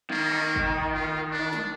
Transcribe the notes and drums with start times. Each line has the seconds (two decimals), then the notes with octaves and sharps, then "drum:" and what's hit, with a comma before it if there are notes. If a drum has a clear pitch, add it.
0.10 D#3 A#3
0.29 drum: clap
0.56 drum: kick G1
0.94 F4
1.31 D4
1.53 drum: snare